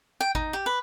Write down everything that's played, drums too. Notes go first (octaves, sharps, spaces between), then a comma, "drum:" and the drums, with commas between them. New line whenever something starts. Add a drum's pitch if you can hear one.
G5
D#4, drum: kick G#1
G4
B4